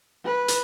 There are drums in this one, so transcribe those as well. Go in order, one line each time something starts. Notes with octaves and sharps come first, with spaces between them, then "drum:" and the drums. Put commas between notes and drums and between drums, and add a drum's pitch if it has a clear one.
B4
drum: hi-hat